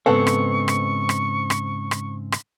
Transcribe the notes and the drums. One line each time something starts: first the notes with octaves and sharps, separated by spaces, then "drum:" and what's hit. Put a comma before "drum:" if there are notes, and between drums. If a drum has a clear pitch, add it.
G#2 C#3 B3 C4 A4 F#5 C#6
drum: rim click
drum: rim click
drum: rim click
drum: rim click
drum: rim click
drum: rim click